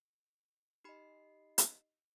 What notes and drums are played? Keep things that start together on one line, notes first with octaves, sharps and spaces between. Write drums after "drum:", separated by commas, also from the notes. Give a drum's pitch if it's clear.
D#4 G4 D#5 B5 C7
drum: hi-hat